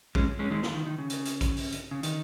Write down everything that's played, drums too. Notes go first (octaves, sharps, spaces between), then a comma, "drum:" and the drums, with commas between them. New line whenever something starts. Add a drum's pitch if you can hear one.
G#3 C#4, drum: kick A#1
G#3 C#4
D#3 G#3
drum: snare
D#3
D#3
C#3
drum: hi-hat
drum: hi-hat
drum: kick A#1, hi-hat
drum: open hi-hat
drum: hi-hat
C#3
D#3, drum: hi-hat